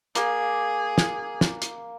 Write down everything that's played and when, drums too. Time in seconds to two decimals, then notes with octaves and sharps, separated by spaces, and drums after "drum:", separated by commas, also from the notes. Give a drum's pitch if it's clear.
0.15 A#3 G#4, drum: hi-hat
0.98 drum: snare
1.41 drum: snare
1.62 drum: hi-hat